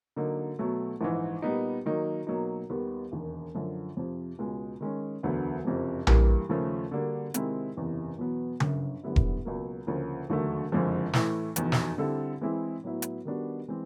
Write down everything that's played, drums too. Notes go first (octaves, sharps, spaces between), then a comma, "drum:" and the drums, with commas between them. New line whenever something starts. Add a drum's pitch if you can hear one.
D3 F#3 A#3 D#4
B2 F#3 A3
A#1 G#2 E3
A#2 G3 B3 D#4
D#3 F#3 A#3 D#4
B2 F#3 A#3 D#4
D#2 D#3 G3 B3
E1 D#2 D#3
F#2 D3 F3
F2 C3 F3
C#2 B2 G#3
D#3 G#3 C#4
E1 D2 D3 F#3 B3
F#1 F2 C3 F3
G2 E3 G3 A#3, drum: tom A#1
D#2 C#3 F3 A3
D3 G3 A#3 D4 F#4
C3 D#3 G#3 C4 E4, drum: hi-hat
F#1 E2 C3 E3
E2 B2 F#3 B3
G1 F#2 C#3, drum: tom C#3
F#2 D3 G3 B3 E4
drum: kick E1
C#2 B2 F#3 A#3
D2 C#3 F3 A#3
E1 D#2 D3 F#3 A3
F#1 F2 D3 F3 G#3
A2 E3 A3, drum: snare
F1 E2 B2, drum: hi-hat
drum: snare
D3 G3 C4 E4 A4
E3 G#3 C4 E4 G#4
A2 F#3 B3 E4
drum: hi-hat
D#3 G3 B3 D4 F#4
E3 G#3 C4